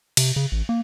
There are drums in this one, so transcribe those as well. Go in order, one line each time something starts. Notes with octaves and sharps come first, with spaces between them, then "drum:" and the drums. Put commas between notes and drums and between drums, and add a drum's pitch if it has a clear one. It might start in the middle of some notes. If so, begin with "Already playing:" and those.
C3, drum: cymbal
C#3
A1
A#3